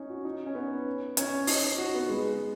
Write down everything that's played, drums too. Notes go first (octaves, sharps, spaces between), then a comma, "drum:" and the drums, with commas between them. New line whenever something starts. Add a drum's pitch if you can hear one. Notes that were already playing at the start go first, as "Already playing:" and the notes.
Already playing: C#4 D#4
F#4
D#4
C#4
B3
C#4, drum: hi-hat
D#4, drum: open hi-hat
F#4
B3
G#3